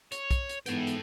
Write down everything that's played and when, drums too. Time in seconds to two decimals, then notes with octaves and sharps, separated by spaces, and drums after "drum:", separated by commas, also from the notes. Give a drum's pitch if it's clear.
0.12 C#5, drum: hi-hat
0.31 drum: kick, hi-hat
0.49 drum: hi-hat
0.66 G#2 E3 B3 A4 G5, drum: hi-hat
0.87 drum: hi-hat